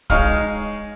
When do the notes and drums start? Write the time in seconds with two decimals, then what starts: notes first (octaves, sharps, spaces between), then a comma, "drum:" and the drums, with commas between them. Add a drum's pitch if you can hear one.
0.10 G#3 D#4 C#5 F5 F6, drum: kick